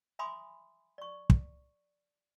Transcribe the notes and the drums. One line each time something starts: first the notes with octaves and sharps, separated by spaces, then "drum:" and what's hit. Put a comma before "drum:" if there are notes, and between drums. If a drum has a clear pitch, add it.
E5 G#5 B5 C6 D6 D#6
D5 C#6
drum: kick